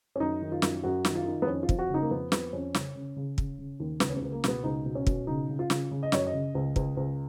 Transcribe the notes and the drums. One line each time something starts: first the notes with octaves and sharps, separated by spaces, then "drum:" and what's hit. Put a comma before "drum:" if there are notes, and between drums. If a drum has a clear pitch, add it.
C#4
F#2 D#4
D#3
F4
F#2, drum: snare
F#2 F#4
D#3, drum: snare
F4
D#3
B3
F2 C#4
F4
F2, drum: kick
F#4
C#3 D#4
A#3
F2 B3
F2 B3, drum: snare
F2 C#4
C#3, drum: snare
C#3
C#3
C#3, drum: kick
C#3
D#2
C#2 B3, drum: snare
C#4
B3
C#2
A#3
B2 B3, drum: snare
C#2 D#4
B2
C#4
B2, drum: kick
C#3 D#4
C#3
F4
C#3, drum: snare
C#3
D#5
F#2 C#5, drum: snare
D#5
C#3
C#2
C#2, drum: kick
C#2